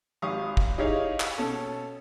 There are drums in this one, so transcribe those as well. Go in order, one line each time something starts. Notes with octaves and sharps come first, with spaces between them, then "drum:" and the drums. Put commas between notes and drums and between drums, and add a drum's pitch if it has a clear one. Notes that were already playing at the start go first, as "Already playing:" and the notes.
G#1 G4 F5 C#6 D#6
drum: kick
D#4 E4 G4 G#4 C#5 F5
drum: clap
B2 C#4 A4